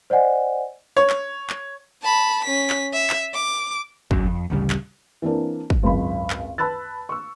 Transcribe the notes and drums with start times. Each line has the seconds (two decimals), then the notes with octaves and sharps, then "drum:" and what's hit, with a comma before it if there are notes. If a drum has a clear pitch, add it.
0.10 C5 D5 D#5 F#5 G#5
0.97 C#5
1.10 drum: clap
1.50 drum: clap
2.02 A5 B5
2.44 C#4 B6
2.70 drum: clap
2.93 E5
3.10 drum: clap
3.34 D6
4.11 E1 B1 F#2 F#3, drum: kick
4.26 F2
4.50 A1 D2 C#3 G3
4.70 drum: clap
5.22 E3 A#3 C4 D4 A#4
5.70 drum: kick
5.83 G#1 C#2 F#2 B5
6.30 drum: clap
6.58 B4 A5 B5 E6 F#6 A6
7.09 C#6 E6